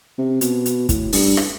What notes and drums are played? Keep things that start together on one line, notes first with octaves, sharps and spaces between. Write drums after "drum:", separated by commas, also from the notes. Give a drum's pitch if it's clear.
C3
B2, drum: hi-hat
drum: hi-hat
A2, drum: kick, hi-hat
G2, drum: open hi-hat
drum: rim click